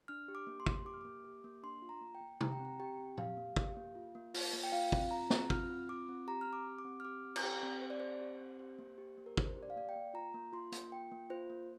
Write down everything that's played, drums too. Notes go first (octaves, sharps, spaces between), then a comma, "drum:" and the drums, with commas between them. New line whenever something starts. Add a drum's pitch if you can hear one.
D4 F6
G4
D6
A#3
C6
A#3, drum: kick
G4 D6
F6
A#3 D6
G4
A#3
D4 C6
F4
A#5
A#3
G5
A#3
G4 A#5, drum: tom
G5
C4
A#5
G4 G5
C4
G4 F5, drum: tom
A#3
G4, drum: kick
A#3
F4
A#3
F4, drum: open hi-hat
A#3
G5
F4 F5
C4, drum: kick
F4 A#5
C4, drum: snare
F4 F6, drum: kick
C4
F4 D6
C4
G4 A#5
F6
C4
D6
G4
D6
C4
F6
G4 D6
C4
A#5, drum: cymbal
G4 G5
C4
G4 C5
D5
C4 C5
G4
C4
G4 C5
A#3
G4
A#3
A#4
D4 C5, drum: kick
G4
D5
F5
A#3 D5
G5
A#3
F4 A#5
A#3
F4 C6
A#3, drum: hi-hat
F4 G5
A#3
F4 C5
A#3